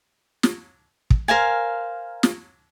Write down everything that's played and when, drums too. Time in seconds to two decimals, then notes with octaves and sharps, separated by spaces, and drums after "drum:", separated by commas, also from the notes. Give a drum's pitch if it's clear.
0.43 drum: snare
1.10 drum: kick
1.28 A#4 C5 F5 G#5
2.23 drum: snare